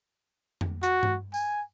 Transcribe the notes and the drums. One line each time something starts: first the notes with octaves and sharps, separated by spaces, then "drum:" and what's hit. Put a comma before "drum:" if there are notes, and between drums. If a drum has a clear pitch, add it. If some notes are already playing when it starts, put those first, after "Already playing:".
drum: tom F2
F#4, drum: hi-hat
drum: tom G2
G#5, drum: tambourine